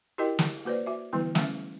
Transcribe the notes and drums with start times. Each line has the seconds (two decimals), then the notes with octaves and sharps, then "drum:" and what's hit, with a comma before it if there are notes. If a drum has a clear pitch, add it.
0.18 E4 F#4 G4 A#4 D#5 G5
0.39 drum: snare
0.65 A#3 F#4 B4 C5 D5
0.86 F#4 E5
1.13 D3 E3 G3 A3 B3 E4
1.35 G3 A3 C#4 E5, drum: snare